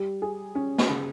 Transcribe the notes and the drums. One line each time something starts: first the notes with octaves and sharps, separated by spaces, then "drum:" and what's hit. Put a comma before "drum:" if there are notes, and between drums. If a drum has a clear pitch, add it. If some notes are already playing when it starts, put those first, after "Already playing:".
Already playing: G3
G#4
C#4
drum: snare
C#3